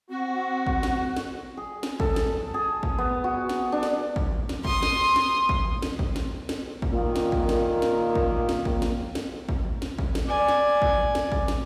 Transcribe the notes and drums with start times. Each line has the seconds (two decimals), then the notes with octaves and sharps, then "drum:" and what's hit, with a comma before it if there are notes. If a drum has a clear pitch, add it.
0.10 C4 F#4
0.67 drum: kick
0.83 drum: snare
1.16 drum: snare
1.57 G#4
1.83 drum: snare
2.00 A4, drum: kick
2.16 drum: snare
2.54 G#4
2.83 drum: kick
2.98 B3
3.24 F#4
3.49 drum: snare
3.72 D4
3.83 drum: snare
4.16 drum: kick
4.49 drum: snare
4.65 C6 D#6, drum: kick
4.83 drum: snare
5.16 drum: snare
5.49 drum: kick
5.82 drum: snare
5.99 drum: kick
6.16 drum: snare
6.49 drum: snare
6.82 drum: kick
6.92 A#2 D#3 A#3
7.16 drum: snare
7.32 drum: kick
7.49 drum: snare
7.82 drum: snare
8.15 drum: kick
8.49 drum: snare
8.65 drum: kick
8.82 drum: snare
9.15 drum: snare
9.49 drum: kick
9.82 drum: snare
9.99 drum: kick
10.15 drum: snare
10.27 D5 G#5
10.48 drum: snare
10.82 drum: kick
11.15 drum: snare
11.32 drum: kick
11.48 drum: snare